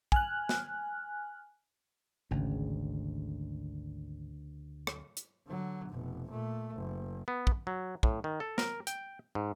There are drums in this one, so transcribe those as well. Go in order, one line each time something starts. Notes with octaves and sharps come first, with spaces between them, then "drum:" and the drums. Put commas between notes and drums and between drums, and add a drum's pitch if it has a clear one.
G#5 F6 F#6, drum: kick
drum: snare
G#1 D2 C#3
drum: rim click
drum: hi-hat
D3 F#3
F1 B2
A#2 A3
F#1
B3
drum: kick
F#3
A2, drum: kick
D#3
A4
A#4, drum: snare
G5, drum: hi-hat
G#2